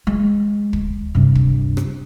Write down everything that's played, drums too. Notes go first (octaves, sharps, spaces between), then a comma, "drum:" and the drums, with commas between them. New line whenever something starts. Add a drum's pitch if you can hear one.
G#3
drum: kick
G2 C3
drum: kick
drum: rim click